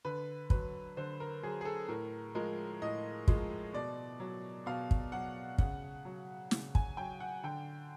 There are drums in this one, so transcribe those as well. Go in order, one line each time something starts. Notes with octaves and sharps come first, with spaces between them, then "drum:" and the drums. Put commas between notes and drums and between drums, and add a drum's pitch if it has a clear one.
D3 B4
F#3 B4, drum: kick
D3 C5
A#4
F#3 G#4
G#4
A4
A2 A#4
F3 G#3 A#4
A2 D#5
F3 G#3, drum: kick
B2 D5
F#3
B2 F5
drum: kick
F#3 F#5
C#3 F#5, drum: kick
F#3
C#3, drum: snare
G#5, drum: kick
F#3 G5
F#5
D3 G5